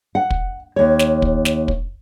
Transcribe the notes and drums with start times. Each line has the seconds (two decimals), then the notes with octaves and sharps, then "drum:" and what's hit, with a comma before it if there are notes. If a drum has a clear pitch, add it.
0.15 F#5
0.30 drum: kick
0.76 D#2 C#5
0.99 drum: snare
1.22 drum: kick
1.45 drum: snare
1.68 drum: kick